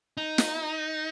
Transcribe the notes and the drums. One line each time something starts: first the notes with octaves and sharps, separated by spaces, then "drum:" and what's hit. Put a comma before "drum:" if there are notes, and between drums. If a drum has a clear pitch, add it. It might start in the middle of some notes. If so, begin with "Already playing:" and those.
D#4
drum: snare